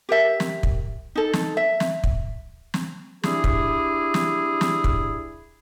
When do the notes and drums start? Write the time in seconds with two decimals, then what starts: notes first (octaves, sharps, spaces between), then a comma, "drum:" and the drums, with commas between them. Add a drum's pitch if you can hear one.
0.09 G4 A#4 E5
0.40 drum: snare
0.63 drum: kick
1.15 D#4 A4
1.33 drum: snare
1.57 E5
1.80 drum: snare
2.04 drum: kick
2.74 drum: snare
3.23 D4 E4 G4 G#4, drum: snare
3.44 drum: kick
4.14 drum: snare
4.61 drum: snare
4.84 drum: kick